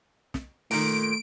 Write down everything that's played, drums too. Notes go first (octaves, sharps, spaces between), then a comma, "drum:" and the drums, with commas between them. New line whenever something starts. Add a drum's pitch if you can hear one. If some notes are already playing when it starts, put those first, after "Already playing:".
drum: snare
A#2 D#3 A3 D7, drum: open hi-hat